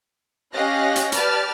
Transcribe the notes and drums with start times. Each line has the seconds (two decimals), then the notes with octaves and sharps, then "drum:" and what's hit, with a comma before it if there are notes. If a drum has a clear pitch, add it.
0.54 C#4 G4 D#5 F5 F#6 A#6
0.96 drum: hi-hat
1.12 G4 B4 D5 A5 F6, drum: hi-hat